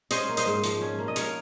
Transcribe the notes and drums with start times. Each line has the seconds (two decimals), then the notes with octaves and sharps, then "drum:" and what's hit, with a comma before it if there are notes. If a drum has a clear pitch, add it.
0.11 C#4 C5 D#5, drum: hi-hat
0.29 A#3
0.37 C5 D#5, drum: hi-hat
0.46 G#2
0.64 F3, drum: hi-hat
0.81 C#4
0.99 A#3
1.08 D#5
1.16 A#4 C#5, drum: hi-hat